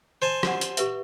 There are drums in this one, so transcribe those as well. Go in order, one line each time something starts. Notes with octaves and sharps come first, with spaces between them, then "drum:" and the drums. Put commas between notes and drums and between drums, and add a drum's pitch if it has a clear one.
C5 G#5 A5
G4 F#5, drum: rim click
drum: hi-hat
G4 B4 E5, drum: hi-hat